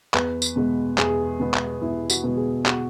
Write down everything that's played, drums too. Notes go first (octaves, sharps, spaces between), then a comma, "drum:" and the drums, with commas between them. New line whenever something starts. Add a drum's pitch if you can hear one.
E2 B4, drum: clap
drum: tambourine
B2 G#3 B3
E2 G#4, drum: clap
B2 G#3 B3
drum: clap
E2 E4
F#4, drum: tambourine
B2 G#3 B3
G#4
F#4, drum: clap